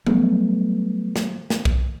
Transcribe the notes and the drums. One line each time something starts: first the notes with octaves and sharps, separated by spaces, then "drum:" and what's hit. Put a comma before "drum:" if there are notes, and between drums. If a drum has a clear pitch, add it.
F#3 G3 A3 B3, drum: tom F3
drum: snare
drum: snare
drum: kick B1